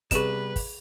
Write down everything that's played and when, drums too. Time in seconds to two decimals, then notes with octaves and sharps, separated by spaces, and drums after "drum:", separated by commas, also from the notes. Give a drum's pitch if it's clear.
0.11 C3 G3 B3 G#4 B4 E7, drum: kick, hi-hat
0.56 drum: kick, open hi-hat